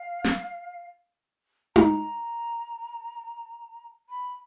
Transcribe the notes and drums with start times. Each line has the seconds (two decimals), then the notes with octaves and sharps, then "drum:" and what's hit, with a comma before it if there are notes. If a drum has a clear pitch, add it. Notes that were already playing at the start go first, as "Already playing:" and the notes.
Already playing: F5
0.24 drum: snare
1.76 A#5, drum: tom D#4
4.09 B5